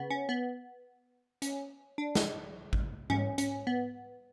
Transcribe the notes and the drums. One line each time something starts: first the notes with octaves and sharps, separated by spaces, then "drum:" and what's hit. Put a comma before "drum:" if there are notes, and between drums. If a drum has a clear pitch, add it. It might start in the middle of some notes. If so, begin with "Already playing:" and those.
Already playing: C#3 B3
C#4
B3
C#4, drum: hi-hat
D4
drum: snare
drum: kick G#1
C#4, drum: tom G#2
C#4, drum: hi-hat
B3